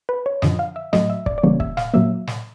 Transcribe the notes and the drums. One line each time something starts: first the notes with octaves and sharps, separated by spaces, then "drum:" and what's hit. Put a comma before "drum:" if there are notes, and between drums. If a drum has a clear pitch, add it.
B4
C#5
F#2 D3 F3 D#5, drum: snare
F5
E5
A2 F#3 A3 D#5, drum: snare
E5
D5, drum: kick
D5
C#3 E3 G3 A#3 C#5
E5, drum: kick
F5, drum: snare
A#2 F#3 A#3 E5
drum: snare